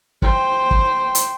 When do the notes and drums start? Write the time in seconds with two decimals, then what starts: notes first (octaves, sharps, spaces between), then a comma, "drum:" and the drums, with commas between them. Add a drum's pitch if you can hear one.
0.22 C5 G5, drum: kick
0.71 drum: kick
1.15 drum: hi-hat